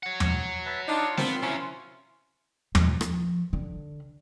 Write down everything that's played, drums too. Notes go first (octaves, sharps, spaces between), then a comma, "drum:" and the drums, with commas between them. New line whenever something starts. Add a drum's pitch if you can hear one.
C#5 F#5
drum: tom
B4 E5 A5
D4 D#4 F4 C6
A#2 B3 C4, drum: snare
C3 F#3 C#4 E4
F3, drum: tom
drum: rim click
D3